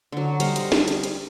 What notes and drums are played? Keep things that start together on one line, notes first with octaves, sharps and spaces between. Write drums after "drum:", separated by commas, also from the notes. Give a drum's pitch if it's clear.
D3 F#3
G3 C5 D#5 F5 F#5, drum: hi-hat
drum: hi-hat
drum: snare
drum: hi-hat
drum: hi-hat